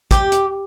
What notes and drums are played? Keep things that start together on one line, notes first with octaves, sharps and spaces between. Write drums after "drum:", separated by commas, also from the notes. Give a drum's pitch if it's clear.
G4, drum: kick, hi-hat
drum: hi-hat